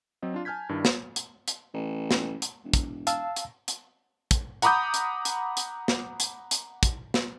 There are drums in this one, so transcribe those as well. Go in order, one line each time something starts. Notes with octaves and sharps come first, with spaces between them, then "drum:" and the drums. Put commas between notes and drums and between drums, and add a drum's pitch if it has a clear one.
F#3 C4 D#5
D4 F4
G#5 A5 F6 G6 G#6 B6
G2 D#3 D4 E4
drum: snare
drum: hi-hat
drum: hi-hat
A1
drum: snare
drum: hi-hat
E1
drum: kick, hi-hat
F5 A5 E6, drum: hi-hat
drum: hi-hat
drum: hi-hat
drum: kick, hi-hat
F#5 A#5 B5 D6 D#6 G6, drum: hi-hat
drum: hi-hat
drum: hi-hat
drum: hi-hat
drum: snare
drum: hi-hat
drum: hi-hat
drum: kick, hi-hat
drum: snare